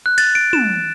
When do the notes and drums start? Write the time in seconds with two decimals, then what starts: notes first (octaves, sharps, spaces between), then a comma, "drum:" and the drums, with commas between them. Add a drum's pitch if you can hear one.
0.06 F#6
0.18 A6, drum: cymbal
0.35 D7
0.53 E7, drum: tom